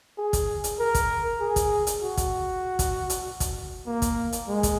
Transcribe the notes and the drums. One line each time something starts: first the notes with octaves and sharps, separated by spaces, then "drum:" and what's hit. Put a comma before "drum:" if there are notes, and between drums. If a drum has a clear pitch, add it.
G#4
drum: kick, hi-hat
drum: hi-hat
A#4
drum: kick, hi-hat
G#4
drum: kick, hi-hat
drum: hi-hat
F#4
drum: kick, hi-hat
drum: kick, hi-hat
drum: hi-hat
drum: kick, hi-hat
A#3
drum: kick, hi-hat
drum: hi-hat
G#3
drum: kick, hi-hat